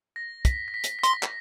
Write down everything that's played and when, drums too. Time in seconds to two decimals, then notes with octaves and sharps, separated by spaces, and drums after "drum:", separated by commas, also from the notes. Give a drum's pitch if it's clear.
0.16 A#6
0.45 B6, drum: kick, hi-hat
0.68 A#6
0.74 B6
0.84 drum: hi-hat
0.99 B6
1.03 C6 A#6, drum: hi-hat
1.23 drum: clap